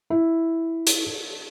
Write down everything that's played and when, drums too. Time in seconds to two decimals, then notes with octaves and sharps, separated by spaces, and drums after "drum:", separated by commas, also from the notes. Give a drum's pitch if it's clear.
0.10 E4
0.87 drum: hi-hat